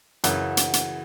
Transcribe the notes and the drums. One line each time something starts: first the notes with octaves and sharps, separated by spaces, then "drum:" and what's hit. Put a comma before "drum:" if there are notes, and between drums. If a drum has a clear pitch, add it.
F#2 C#3 E3, drum: hi-hat
drum: hi-hat
drum: hi-hat